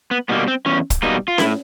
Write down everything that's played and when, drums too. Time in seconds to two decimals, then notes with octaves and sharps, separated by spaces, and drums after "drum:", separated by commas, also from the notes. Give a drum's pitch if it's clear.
0.11 B3
0.29 B2 G3 A#3 B3
0.48 C4
0.66 E2 C#4
0.90 drum: kick, hi-hat
1.02 B2 G3 A#3 D#4
1.28 F4
1.38 A2 E4, drum: snare C#4